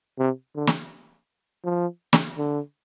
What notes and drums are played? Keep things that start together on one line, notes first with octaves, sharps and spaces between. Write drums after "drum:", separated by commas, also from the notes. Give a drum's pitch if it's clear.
C3
D3
drum: snare
F3
drum: snare
D3